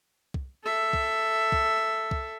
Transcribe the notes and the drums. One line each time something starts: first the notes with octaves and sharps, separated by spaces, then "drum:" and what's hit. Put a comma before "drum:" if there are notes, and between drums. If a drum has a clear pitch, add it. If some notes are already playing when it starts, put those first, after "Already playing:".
drum: kick
A4 E5
drum: kick
drum: kick
drum: kick